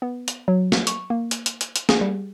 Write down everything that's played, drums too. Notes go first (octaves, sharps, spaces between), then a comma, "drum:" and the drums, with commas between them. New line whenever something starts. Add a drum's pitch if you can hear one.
B3
drum: hi-hat
F#3
drum: snare
C#6, drum: hi-hat
A#3
drum: hi-hat
drum: hi-hat
drum: hi-hat
drum: hi-hat
G#4, drum: snare
G3